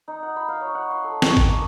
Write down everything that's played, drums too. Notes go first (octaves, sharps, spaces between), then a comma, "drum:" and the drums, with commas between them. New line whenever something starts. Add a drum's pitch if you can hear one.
D#4
F#5
B5
F5
C#5
F#5
C6
A4
C#6, drum: snare
G#4, drum: kick G#1
A#3